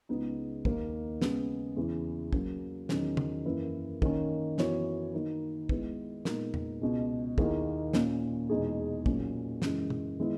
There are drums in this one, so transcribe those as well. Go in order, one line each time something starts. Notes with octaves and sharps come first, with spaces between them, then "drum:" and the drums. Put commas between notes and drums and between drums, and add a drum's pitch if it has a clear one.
C#2 C#3 G#3 B3 D#4
D#2 D#3 A#3, drum: kick
C#3 G#3 B3, drum: snare
E2 C#3 E3
F#3 A#3 C#4, drum: kick
E2 D#3 F#3 C#4, drum: snare
drum: tom
F#2 E3 A#3 E4 B4
D#3 A#3 C#4, drum: kick
F#2 E3 B3 F#4 C#5, drum: snare
D#3 A#3 D#4
G#3 B3 E4 B4, drum: kick
A#2 G#3 B3 D#4 A#4, drum: snare
drum: tom
C#2 B2 G#3
D#2 D#3 A#3 E4 G#4, drum: kick
A#2 A#3 C#4, drum: snare
E2 B2 G#3 D#4 G#4
A#2 F#3 C#4, drum: kick
F#2 C#3 E3 G#3, drum: snare
drum: tom
D#3 G#3 B3 E4